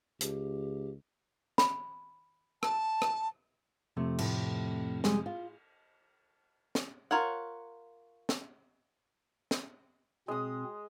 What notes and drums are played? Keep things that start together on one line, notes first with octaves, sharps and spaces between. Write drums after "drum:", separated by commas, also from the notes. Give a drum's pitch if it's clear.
C#2 G4, drum: hi-hat
B5, drum: snare
A5, drum: rim click
drum: rim click
F2 C3 A3
A2, drum: cymbal
G3 G#3 G#4, drum: snare
F4
drum: snare
F4 A#4 C#5 F#5
drum: snare
drum: snare
B2 G#3 C4 D#6